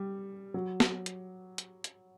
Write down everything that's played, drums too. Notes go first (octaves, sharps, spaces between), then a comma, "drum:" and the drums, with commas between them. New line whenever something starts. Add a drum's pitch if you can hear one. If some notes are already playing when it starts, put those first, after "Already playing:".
Already playing: G3
F#3
drum: snare
drum: hi-hat
drum: hi-hat
drum: hi-hat